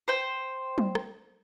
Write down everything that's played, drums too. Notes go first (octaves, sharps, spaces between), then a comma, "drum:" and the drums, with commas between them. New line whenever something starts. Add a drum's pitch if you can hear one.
C5 G5
drum: tom F#3
drum: rim click